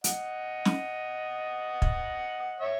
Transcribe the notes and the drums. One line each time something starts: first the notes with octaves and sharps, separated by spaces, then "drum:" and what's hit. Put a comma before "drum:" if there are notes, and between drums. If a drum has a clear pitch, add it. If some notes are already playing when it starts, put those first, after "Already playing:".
D#5 F#5, drum: hi-hat
drum: snare
drum: kick
C#5 E5